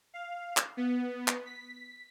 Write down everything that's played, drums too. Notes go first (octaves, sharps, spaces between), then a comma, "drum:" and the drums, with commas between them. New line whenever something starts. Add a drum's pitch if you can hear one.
F5
drum: clap
B3
drum: clap
B6